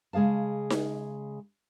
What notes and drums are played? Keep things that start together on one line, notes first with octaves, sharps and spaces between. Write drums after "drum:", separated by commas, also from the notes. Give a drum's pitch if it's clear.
C#3 G#3 G#4 F5 A5
drum: snare D#4